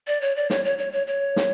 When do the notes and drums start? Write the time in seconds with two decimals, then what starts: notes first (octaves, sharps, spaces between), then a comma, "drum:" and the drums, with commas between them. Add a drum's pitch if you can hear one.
0.07 D5
0.21 C#5
0.36 D5
0.50 C#5, drum: snare
0.65 C#5
0.79 C#5
0.93 C#5
1.07 C#5
1.36 drum: snare